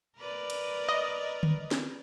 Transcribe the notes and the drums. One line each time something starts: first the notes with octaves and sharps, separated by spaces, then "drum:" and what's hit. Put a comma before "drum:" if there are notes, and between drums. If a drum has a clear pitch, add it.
A#4 B4 D5
drum: cymbal
D#5
drum: tom D3
drum: snare